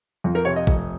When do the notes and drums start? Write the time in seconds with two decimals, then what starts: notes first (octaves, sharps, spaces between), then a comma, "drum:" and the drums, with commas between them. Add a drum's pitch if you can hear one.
0.24 F2
0.35 A#4
0.45 C3 C#5
0.56 D#5
0.67 F1, drum: kick A1